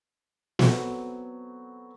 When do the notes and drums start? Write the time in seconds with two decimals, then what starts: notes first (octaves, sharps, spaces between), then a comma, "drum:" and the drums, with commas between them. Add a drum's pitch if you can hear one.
0.59 F#3 B3 C4 A4, drum: snare